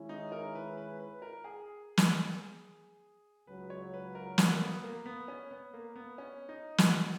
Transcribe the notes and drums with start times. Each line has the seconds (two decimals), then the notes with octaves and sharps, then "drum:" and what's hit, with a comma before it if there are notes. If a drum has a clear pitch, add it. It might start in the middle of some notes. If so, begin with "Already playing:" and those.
Already playing: D#3 G#3 C#4 E4
0.09 D#4
0.32 A#4
0.55 B4
0.77 B4
1.00 B4
1.22 A#4
1.44 G#4
1.97 drum: snare
3.47 C#2 C#3 F#3 B4
3.70 C#5
3.94 B4
4.15 A#4
4.38 F#4, drum: snare
4.52 A#3
4.60 B3
4.84 A#3
5.06 B3
5.28 C#4
5.51 B3
5.74 A#3
5.96 B3
6.18 C#4
6.49 D#4
6.78 F#4, drum: snare